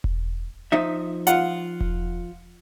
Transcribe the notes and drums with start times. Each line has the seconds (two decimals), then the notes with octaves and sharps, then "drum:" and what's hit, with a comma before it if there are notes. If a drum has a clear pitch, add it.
0.04 drum: kick E1
0.72 F3 D#4 E5
1.27 F4 F#5, drum: hi-hat
1.81 drum: kick E1